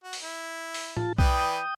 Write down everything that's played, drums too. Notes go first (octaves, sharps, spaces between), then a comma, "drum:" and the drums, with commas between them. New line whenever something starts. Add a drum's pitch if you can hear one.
F#4
drum: open hi-hat
E4
drum: open hi-hat
F4 A5, drum: tom A2
E3 B4 D5 G5 D#6, drum: kick B1